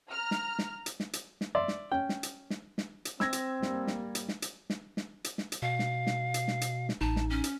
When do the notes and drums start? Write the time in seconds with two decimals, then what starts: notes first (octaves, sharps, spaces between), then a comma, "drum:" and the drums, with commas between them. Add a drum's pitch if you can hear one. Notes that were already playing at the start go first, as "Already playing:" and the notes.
0.12 A#5 F6
0.31 drum: snare
0.59 drum: snare
0.86 drum: hi-hat
1.00 drum: snare
1.13 drum: hi-hat
1.41 drum: snare
1.55 D5 E5 C6
1.68 drum: snare
1.92 C#4 G5
2.09 drum: snare
2.23 drum: hi-hat
2.50 drum: snare
2.78 drum: snare
3.05 drum: hi-hat
3.20 C4 E6 G#6 A#6, drum: snare
3.33 drum: hi-hat
3.62 G3 A#3, drum: snare
3.87 drum: snare
4.15 drum: hi-hat
4.29 drum: snare
4.42 drum: hi-hat
4.70 drum: snare
4.97 drum: snare
5.24 drum: hi-hat
5.38 drum: snare
5.52 drum: hi-hat
5.62 B2 F5
5.79 drum: snare
6.07 drum: snare
6.34 drum: hi-hat
6.48 drum: snare
6.61 drum: hi-hat
6.89 drum: snare
7.01 A1 D#4 A5
7.16 drum: snare
7.30 C#4
7.44 drum: hi-hat